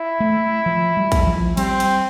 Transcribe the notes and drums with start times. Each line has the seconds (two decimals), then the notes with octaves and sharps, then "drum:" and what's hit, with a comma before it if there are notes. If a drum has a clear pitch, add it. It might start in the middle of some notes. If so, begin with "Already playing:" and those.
Already playing: E4
0.20 A3
0.66 F3
0.97 G3
1.12 drum: kick, cymbal
1.27 F3
1.57 G3 C4, drum: cymbal
1.80 drum: cymbal